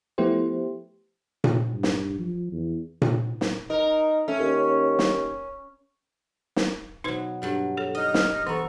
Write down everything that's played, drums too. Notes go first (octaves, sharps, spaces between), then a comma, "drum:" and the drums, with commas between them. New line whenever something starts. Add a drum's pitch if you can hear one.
F3 A3 B3 E4 G4 C5
drum: tom A#2
G2
drum: snare
F3
E2
drum: tom A#2
drum: snare
D#4 A#4
A3 C#4
D#2
drum: snare
drum: snare
B2 F#3 D#4 B4 C5
G2 F#3 G3
G#4 A4 C#5
D#4 D#5 D#6 F6
drum: snare
E3 B3 A4 A#5 C#6